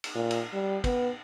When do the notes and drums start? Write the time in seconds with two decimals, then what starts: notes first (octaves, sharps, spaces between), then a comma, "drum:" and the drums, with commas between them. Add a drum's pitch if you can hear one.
0.04 drum: cymbal
0.15 A#2
0.31 drum: cymbal
0.53 G3
0.84 B3, drum: kick, cymbal